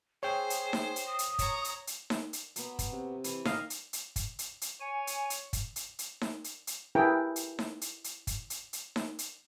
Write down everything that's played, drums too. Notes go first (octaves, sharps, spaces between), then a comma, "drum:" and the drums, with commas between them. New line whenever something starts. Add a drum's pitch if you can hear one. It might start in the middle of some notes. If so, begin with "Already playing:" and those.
G#4 C5 C#5 G5
drum: hi-hat
drum: snare D#4
drum: hi-hat
D#6
drum: hi-hat
C#5 A#5, drum: kick, hi-hat
drum: hi-hat
drum: hi-hat
drum: snare D#4
drum: hi-hat
F#3 B3, drum: hi-hat
drum: kick, hi-hat
C3
E3, drum: hi-hat
D#3 D#5 F5, drum: snare D#4
drum: hi-hat
drum: hi-hat
drum: kick, hi-hat
drum: hi-hat
drum: hi-hat
C#5 G#5
drum: hi-hat
drum: hi-hat
drum: kick, hi-hat
drum: hi-hat
drum: hi-hat
drum: snare D#4
drum: hi-hat
drum: hi-hat
E4 G4 G#4 A#4 B4 G5
drum: hi-hat
drum: snare D#4
drum: hi-hat
drum: hi-hat
drum: kick, hi-hat
drum: hi-hat
drum: hi-hat
drum: snare D#4
drum: hi-hat